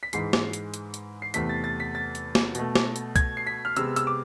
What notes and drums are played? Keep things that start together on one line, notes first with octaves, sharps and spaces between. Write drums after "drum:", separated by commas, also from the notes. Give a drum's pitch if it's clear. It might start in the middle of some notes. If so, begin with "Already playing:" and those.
B6
G#2 E3 G#3 C7, drum: hi-hat
drum: snare
drum: hi-hat
drum: hi-hat
drum: hi-hat
C7
E2 C3 E3 A3 B6, drum: hi-hat
A6
A6
B6
A6
drum: hi-hat
drum: snare
B2 A3, drum: hi-hat
drum: snare
drum: hi-hat
G#6, drum: kick C2, hi-hat
C7
B6
F6
C3 G#3 B3 E6, drum: hi-hat
E6, drum: hi-hat
D6